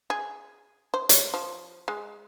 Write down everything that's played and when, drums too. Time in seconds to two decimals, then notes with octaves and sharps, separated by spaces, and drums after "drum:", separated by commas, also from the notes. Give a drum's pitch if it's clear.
0.10 G#4
0.94 C5
1.09 C#5, drum: hi-hat
1.34 F3
1.88 G#3